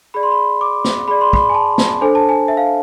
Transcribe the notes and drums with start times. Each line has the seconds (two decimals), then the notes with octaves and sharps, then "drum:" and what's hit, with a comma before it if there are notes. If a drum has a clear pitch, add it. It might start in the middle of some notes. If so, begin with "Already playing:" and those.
0.14 G#4 D5 B5
0.23 C6
0.31 B5
0.61 D6
0.85 drum: snare
1.08 G#4 D5 B5
1.21 C6
1.33 B5, drum: kick
1.50 G#5
1.54 A5
1.78 drum: snare
2.01 D4 A4 C5 G#5
2.15 A5
2.29 G#5
2.48 E5
2.57 F5